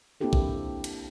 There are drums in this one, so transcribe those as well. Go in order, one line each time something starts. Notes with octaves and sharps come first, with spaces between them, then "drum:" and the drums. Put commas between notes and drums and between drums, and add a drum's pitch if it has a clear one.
A#3 C4 D4 E4 G4 A4
drum: kick
drum: cymbal